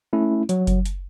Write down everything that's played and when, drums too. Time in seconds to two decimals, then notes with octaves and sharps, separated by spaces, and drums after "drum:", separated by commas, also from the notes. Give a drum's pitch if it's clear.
0.13 A3 C#4 E4
0.49 F#3, drum: hi-hat
0.67 drum: kick F#1, hi-hat
0.86 drum: hi-hat